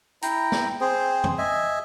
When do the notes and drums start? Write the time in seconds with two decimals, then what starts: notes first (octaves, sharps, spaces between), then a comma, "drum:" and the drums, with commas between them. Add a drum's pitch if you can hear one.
0.22 E4 G5 A#5, drum: hi-hat
0.52 drum: snare
0.81 C4 G#4 C5
1.24 drum: tom
1.38 D#5 E5 G#5